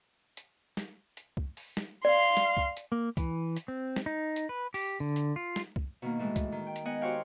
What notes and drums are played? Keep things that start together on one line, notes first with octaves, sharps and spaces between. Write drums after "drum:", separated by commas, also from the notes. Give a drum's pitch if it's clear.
drum: hi-hat
drum: snare
drum: hi-hat
drum: kick
drum: open hi-hat
drum: snare
D5 F5 C6
drum: snare
drum: kick
drum: hi-hat
A#3
E3, drum: kick, hi-hat
drum: hi-hat
C4
drum: snare
D#4
drum: hi-hat
B4
G4, drum: open hi-hat
D3
drum: hi-hat
F4
drum: snare
drum: kick
B2 D#3 A#3
A2 E3 G#3
drum: kick, hi-hat
D#3
G5
drum: hi-hat
B3 D#5 F#5 G#5
F#4 G4 C5 C#5 F5 G5